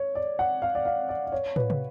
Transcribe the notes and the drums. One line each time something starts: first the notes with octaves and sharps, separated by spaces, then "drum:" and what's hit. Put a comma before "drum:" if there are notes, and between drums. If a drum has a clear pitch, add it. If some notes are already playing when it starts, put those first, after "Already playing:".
Already playing: C#5
D5
F#5
F5
D5
F5
D5
D5
C#5
B4, drum: tom
drum: tom